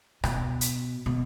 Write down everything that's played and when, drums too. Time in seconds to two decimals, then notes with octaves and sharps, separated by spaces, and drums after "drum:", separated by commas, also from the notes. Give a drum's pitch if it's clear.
0.24 B2, drum: rim click
0.61 drum: hi-hat
1.06 B2